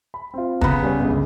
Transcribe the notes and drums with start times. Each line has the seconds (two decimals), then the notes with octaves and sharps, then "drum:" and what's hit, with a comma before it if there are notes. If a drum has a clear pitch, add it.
0.14 B5
0.34 C4 F4
0.61 C#3 B3 A#5 B5, drum: kick
0.83 G3 C#4 B4
0.99 G1 C#2